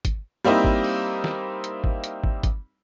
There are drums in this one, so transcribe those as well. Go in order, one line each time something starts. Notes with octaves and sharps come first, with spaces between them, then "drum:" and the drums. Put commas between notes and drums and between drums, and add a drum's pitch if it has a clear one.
drum: kick, hi-hat
G3 A#3 C4 D#4 E4
drum: kick
drum: open hi-hat
drum: snare
drum: hi-hat
drum: kick
drum: hi-hat
drum: kick
drum: kick, hi-hat